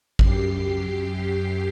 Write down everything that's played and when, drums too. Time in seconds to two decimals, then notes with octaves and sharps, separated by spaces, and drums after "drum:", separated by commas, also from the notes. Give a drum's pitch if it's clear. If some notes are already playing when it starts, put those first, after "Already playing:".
0.19 F#2 G4 C7, drum: kick A1